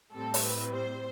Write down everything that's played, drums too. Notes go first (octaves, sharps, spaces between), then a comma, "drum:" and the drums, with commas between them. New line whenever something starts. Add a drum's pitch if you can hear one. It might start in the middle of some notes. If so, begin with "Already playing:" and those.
A2 G3 C4 A4
drum: open hi-hat
B4
C5